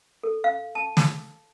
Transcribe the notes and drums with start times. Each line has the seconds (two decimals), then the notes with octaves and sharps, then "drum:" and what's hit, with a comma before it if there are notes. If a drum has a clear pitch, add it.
0.23 A4
0.44 F5
0.75 A5
0.97 drum: snare